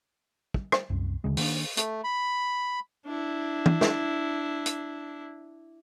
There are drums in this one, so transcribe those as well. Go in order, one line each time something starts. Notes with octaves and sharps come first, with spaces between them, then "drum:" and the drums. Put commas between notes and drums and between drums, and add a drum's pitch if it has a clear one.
drum: kick
drum: rim click
C2 F#2
D2 C#3 G#3
D#3 A#3 D4, drum: open hi-hat
A3, drum: hi-hat
B5
D4 E4
drum: tom
drum: snare
drum: hi-hat